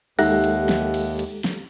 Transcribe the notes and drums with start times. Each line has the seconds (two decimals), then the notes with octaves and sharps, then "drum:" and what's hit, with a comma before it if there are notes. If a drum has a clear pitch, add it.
0.19 D#2 G#3 D#4 G4 A4 E5 F#5 F#6, drum: cymbal
0.44 drum: cymbal
0.69 drum: snare
0.94 drum: cymbal
1.19 drum: cymbal
1.44 drum: snare